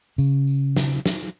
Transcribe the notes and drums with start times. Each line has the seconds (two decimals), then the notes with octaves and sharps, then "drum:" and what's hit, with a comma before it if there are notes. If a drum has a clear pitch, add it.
0.18 C#3, drum: tambourine
0.47 drum: tambourine
0.76 drum: snare
1.06 drum: snare